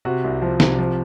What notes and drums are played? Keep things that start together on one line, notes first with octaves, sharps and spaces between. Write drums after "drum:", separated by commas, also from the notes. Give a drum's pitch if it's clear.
C3 F#4
C2
F3
C3, drum: snare
F3